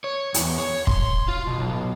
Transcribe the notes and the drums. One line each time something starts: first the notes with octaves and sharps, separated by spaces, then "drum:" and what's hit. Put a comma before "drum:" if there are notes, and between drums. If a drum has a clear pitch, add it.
C#5
E2, drum: hi-hat
C#5
C6, drum: kick
F4
B2
B1